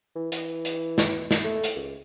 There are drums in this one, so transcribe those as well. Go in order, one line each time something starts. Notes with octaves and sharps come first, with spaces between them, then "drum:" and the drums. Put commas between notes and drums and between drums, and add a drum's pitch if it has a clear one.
E3
E3, drum: hi-hat
drum: hi-hat
drum: snare
drum: snare
A3
drum: hi-hat
C#2